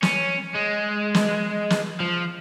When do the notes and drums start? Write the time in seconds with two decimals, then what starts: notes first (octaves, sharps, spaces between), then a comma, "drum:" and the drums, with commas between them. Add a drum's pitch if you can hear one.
0.03 C#4, drum: snare
0.55 G#3
1.15 drum: snare
1.70 drum: snare
2.00 F3